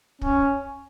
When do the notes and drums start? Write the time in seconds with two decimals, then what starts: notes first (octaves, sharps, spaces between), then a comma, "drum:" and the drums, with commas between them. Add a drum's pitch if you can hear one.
0.22 C#4, drum: kick